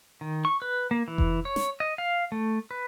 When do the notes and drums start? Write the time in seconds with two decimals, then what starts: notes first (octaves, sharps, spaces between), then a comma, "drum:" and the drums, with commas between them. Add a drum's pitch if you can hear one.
0.21 D#3
0.45 C#6
0.62 B4
0.91 A#3
1.08 E3
1.18 drum: kick F1
1.45 C#5
1.56 drum: snare
1.80 D#5
1.98 F5
2.32 A3
2.71 B4